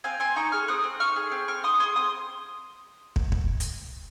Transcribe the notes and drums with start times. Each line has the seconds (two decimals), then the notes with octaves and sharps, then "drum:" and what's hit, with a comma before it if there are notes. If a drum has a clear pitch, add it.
0.04 C4 F5 G#5
0.20 C4 G#5 C6
0.36 D#4 A#5 C#6
0.52 G#4 C#6 F6
0.68 C4 D#6 F#6
0.84 C4
1.00 D#4 C#6 F6
1.16 G#4
1.32 C4
1.48 C4 C#6 F6
1.64 D#4 C6 D#6
1.80 G#4 C6 D#6
1.96 C4 C6 D#6
3.16 drum: kick
3.32 drum: kick
3.60 drum: hi-hat